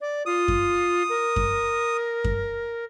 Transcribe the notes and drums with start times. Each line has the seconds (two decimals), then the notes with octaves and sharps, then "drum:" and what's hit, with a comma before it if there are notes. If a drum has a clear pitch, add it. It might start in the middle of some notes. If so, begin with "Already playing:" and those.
0.01 D5
0.26 F4 D#6
0.48 drum: kick F#2
1.09 A#4
1.36 drum: kick F#2
2.24 drum: kick F#2